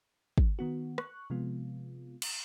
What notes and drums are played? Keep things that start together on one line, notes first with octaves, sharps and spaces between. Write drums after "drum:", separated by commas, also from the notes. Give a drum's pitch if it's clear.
drum: kick
D#3 B3 F#4
C#6 F#6, drum: rim click
C3 F3 G#3 B3 F4
drum: cymbal